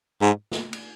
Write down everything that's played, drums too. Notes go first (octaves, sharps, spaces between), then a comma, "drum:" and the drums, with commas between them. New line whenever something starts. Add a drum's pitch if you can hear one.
G#2
drum: snare
drum: cymbal